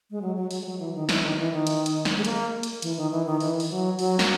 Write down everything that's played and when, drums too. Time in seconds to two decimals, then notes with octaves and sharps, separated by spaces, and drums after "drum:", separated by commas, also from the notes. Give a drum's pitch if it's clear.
0.11 G#3
0.22 F#3
0.36 F#3
0.51 F#3, drum: open hi-hat
0.61 G#3
0.65 F#3
0.80 E3
0.94 D#3
1.09 E3, drum: snare
1.23 D#3
1.38 E3
1.52 D#3
1.67 drum: hi-hat
1.86 drum: hi-hat
2.05 drum: snare
2.17 G#3
2.25 A#3, drum: hi-hat
2.63 drum: hi-hat
2.82 E3, drum: hi-hat
2.97 D#3
3.12 E3
3.26 D#3
3.40 E3, drum: open hi-hat
3.60 drum: open hi-hat
3.70 F#3
3.99 F#3, drum: open hi-hat
4.19 A#3, drum: snare